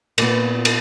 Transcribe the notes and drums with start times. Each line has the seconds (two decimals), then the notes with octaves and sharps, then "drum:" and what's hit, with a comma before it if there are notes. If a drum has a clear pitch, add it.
0.18 A#2 B3, drum: cymbal
0.65 drum: cymbal